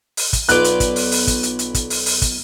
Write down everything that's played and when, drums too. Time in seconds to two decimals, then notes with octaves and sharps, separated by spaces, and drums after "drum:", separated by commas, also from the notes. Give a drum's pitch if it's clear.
0.17 drum: open hi-hat
0.33 drum: kick, hi-hat
0.49 B1 F4 B4 D5 F#6, drum: hi-hat
0.64 drum: hi-hat
0.80 drum: kick, hi-hat
0.96 drum: open hi-hat
1.12 drum: open hi-hat
1.27 drum: kick, hi-hat
1.43 drum: hi-hat
1.59 drum: hi-hat
1.74 drum: kick, hi-hat
1.90 drum: open hi-hat
2.06 drum: open hi-hat
2.22 drum: kick, hi-hat